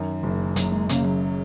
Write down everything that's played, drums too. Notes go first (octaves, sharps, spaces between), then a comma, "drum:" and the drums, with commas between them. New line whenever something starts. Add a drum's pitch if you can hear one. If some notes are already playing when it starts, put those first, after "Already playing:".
Already playing: F#2 D#3
F#1
F#1 F#3, drum: hi-hat
G#3
C#3 A#3, drum: hi-hat
F#3